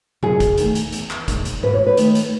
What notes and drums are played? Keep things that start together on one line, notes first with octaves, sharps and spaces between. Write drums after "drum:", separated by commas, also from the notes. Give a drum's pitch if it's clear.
F#2 G#4, drum: tom C3
drum: kick, hi-hat
D#3 A3, drum: hi-hat
drum: hi-hat
E2, drum: hi-hat
drum: clap
D#3 G#3, drum: kick, hi-hat
drum: hi-hat
G#2 B4, drum: tom G#3
C#5
B4
D#3 A3, drum: hi-hat
drum: hi-hat